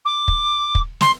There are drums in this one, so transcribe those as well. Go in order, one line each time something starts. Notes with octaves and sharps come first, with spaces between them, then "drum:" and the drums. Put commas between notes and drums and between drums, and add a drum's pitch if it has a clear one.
D6
drum: kick
drum: kick
C6, drum: snare